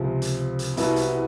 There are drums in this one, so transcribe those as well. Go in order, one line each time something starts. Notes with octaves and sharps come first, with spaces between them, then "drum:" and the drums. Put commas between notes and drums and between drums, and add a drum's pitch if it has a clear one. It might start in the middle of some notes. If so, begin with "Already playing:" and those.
Already playing: C#2 C3 F3
drum: hi-hat
drum: hi-hat
C2 B2 G3 B3 E4, drum: hi-hat
drum: hi-hat